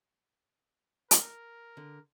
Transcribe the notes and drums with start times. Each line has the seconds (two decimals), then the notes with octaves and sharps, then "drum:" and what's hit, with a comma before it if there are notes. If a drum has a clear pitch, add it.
1.11 A#4, drum: hi-hat
1.77 D3